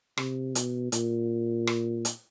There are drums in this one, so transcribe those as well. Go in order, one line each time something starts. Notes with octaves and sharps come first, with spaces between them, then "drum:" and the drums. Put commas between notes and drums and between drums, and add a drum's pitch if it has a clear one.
C3, drum: rim click
B2, drum: hi-hat
A#2, drum: hi-hat
drum: rim click
drum: hi-hat